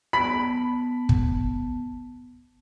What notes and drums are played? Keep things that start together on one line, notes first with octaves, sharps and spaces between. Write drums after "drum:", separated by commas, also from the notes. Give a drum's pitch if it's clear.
B3 A5 B5 B6
drum: kick